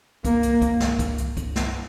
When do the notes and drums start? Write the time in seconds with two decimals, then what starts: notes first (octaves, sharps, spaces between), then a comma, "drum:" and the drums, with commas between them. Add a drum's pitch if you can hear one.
0.25 A#3, drum: kick C2, hi-hat
0.43 drum: hi-hat
0.62 drum: kick C2, hi-hat
0.80 drum: snare
0.99 drum: kick C2, hi-hat
1.18 drum: hi-hat
1.37 drum: kick C2, hi-hat
1.56 drum: snare